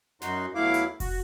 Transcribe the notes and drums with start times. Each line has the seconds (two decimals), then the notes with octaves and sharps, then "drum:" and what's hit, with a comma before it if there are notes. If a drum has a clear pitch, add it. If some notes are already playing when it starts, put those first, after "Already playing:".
0.22 F#2 D#4 F#4 C6, drum: snare
0.55 E2 F#3 A3 E4 F5 D6
0.74 drum: hi-hat
1.00 F#4, drum: kick F1, open hi-hat